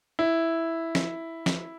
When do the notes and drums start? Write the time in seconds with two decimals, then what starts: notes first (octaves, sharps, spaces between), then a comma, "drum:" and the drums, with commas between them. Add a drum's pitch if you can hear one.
0.19 E4
0.95 drum: snare
1.46 drum: snare